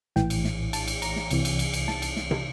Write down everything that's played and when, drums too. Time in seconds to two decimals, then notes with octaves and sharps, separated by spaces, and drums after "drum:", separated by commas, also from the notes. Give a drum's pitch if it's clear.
0.16 A#1 A2 E3 G5, drum: snare
0.30 drum: cymbal
0.45 drum: snare
0.73 A5, drum: cymbal
0.88 drum: cymbal
1.02 A#5, drum: cymbal
1.16 drum: snare
1.31 C2 C3 E3, drum: cymbal
1.45 drum: cymbal
1.59 drum: cymbal
1.73 drum: cymbal
1.88 A5, drum: snare
2.02 drum: cymbal
2.16 drum: snare
2.31 drum: tom